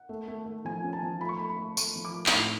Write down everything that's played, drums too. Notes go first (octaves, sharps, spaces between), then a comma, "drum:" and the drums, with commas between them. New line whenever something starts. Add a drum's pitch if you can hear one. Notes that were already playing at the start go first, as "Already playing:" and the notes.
Already playing: F#5
A3
A3
A3
F3 G#5
C#4
A5
F3
A3 B5
C#6
A3 B5
B5
A3
A3 C#6, drum: tambourine
F3
D6
A3
B5, drum: clap
A2 C#6